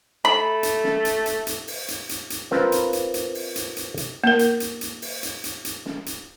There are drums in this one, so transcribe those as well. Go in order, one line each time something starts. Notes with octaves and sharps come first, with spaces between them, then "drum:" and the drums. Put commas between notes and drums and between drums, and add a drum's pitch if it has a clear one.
A3 B5
drum: hi-hat
drum: snare
drum: hi-hat
drum: hi-hat
drum: hi-hat
drum: open hi-hat
drum: hi-hat
drum: hi-hat
drum: hi-hat
C4 F4 A#4 B4, drum: snare
drum: hi-hat
drum: hi-hat
drum: hi-hat
drum: open hi-hat
drum: hi-hat
drum: hi-hat
drum: hi-hat
A#3 A#4
drum: hi-hat
drum: hi-hat
drum: hi-hat
drum: open hi-hat
drum: hi-hat
drum: hi-hat
drum: hi-hat
drum: snare
drum: hi-hat